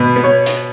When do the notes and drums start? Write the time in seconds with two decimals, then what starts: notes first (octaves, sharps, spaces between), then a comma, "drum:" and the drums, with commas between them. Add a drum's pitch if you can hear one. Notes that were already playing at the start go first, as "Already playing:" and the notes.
Already playing: B2 B4
0.16 B3
0.24 C#5
0.46 drum: hi-hat